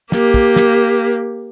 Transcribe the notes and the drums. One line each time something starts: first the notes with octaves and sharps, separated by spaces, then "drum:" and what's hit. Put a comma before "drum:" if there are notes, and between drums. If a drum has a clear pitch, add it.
A#3 G4, drum: snare
drum: kick
drum: snare